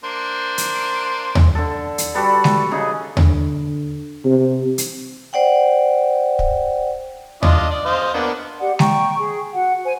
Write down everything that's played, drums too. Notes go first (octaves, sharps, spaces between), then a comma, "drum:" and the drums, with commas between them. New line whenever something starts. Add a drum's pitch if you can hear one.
A#3 D4 C5
drum: hi-hat
drum: tom D#2
D3 A4
drum: hi-hat
G3 F#4 A4 B4
drum: snare G#3
C#3 D#4 G#4
D3, drum: tom D#2
C3
drum: hi-hat
C5 D5 F#5 G5
drum: kick
D4 F4 D#5, drum: tom D#2
D5
C5 D#5 F5
A#3 B3 D4
G4 D5 F#5
G5 A#5 C#6, drum: snare G#3
G#4
F#4 F#5
C5 G#5